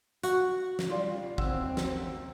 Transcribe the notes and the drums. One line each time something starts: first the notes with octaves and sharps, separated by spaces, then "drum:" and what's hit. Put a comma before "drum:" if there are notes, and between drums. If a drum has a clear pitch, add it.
F#4, drum: hi-hat
drum: snare
G3 F4 D5 F5
D#2 C4 F#5 E6, drum: kick
drum: snare